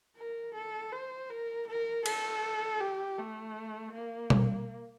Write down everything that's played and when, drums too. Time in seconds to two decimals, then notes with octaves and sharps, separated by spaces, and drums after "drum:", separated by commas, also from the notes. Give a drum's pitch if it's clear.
0.17 A#4
0.54 A4
0.93 C5
1.30 A#4
1.67 A#4
2.06 A4, drum: cymbal
2.81 G4
3.18 A3
3.93 A#3
4.30 drum: tom B2